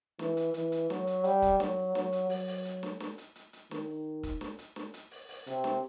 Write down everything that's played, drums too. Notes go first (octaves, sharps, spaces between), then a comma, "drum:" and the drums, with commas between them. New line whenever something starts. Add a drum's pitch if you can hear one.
E3, drum: snare
drum: hi-hat
E3, drum: hi-hat
drum: hi-hat
F#3, drum: snare
drum: hi-hat
G3, drum: hi-hat
drum: kick, hi-hat
F#3, drum: snare
F#3, drum: snare
drum: hi-hat
F#3, drum: open hi-hat
drum: open hi-hat
drum: hi-hat
drum: snare
drum: snare
drum: hi-hat
drum: hi-hat
drum: hi-hat
D#3, drum: snare
drum: kick, hi-hat
drum: snare
drum: hi-hat
drum: snare
drum: hi-hat
drum: open hi-hat
drum: open hi-hat
C3, drum: hi-hat
drum: snare